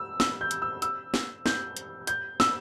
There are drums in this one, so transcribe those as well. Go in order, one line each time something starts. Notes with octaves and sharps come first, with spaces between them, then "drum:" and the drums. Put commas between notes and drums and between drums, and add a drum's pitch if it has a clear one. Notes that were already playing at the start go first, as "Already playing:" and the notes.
Already playing: E6
E6, drum: snare
G6
drum: hi-hat
E6
E6, drum: hi-hat
drum: snare
G6, drum: snare
drum: hi-hat
G6, drum: hi-hat
E6, drum: snare